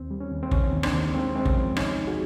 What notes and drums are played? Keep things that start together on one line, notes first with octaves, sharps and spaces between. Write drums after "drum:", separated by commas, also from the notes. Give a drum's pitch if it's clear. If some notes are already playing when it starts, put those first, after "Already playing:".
Already playing: D#2 C4
G3
C#4
D#2
C4
D#2 C#4, drum: kick
D#2
C4 D4, drum: rim click
D#2
G#3 C4
G#3 C4
C#4, drum: kick
F3
C2 C#4 D#4, drum: rim click
C2
F#4 G#4